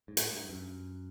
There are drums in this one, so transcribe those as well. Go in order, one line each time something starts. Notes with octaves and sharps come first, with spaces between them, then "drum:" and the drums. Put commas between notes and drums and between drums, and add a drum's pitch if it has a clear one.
G#2
A2, drum: hi-hat
G2
G2
F#2